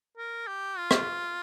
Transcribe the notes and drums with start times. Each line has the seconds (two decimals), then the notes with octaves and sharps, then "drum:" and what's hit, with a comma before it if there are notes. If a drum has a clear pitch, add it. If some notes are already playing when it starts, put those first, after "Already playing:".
0.17 A#4
0.47 G4
0.78 F4
0.91 drum: rim click